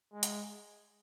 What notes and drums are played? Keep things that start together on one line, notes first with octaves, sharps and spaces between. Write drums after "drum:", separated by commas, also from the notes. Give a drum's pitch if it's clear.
G#3
drum: hi-hat